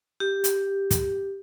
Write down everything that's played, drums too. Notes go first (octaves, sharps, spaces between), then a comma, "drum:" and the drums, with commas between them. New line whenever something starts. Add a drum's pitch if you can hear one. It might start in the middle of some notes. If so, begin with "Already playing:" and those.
G4
drum: hi-hat
drum: kick, hi-hat